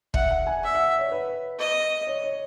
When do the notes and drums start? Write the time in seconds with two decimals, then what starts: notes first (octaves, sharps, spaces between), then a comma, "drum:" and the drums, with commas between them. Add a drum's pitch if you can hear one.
0.14 E5 F#5, drum: kick
0.30 F#5
0.47 G#5
0.63 E5
0.75 F#5
0.99 C#5
1.12 B4
1.59 D#5
2.07 C#5
2.24 C#5